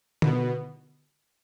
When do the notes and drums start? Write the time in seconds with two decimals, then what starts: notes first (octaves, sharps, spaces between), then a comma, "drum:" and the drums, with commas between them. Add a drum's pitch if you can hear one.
0.22 B2 B3, drum: tom D3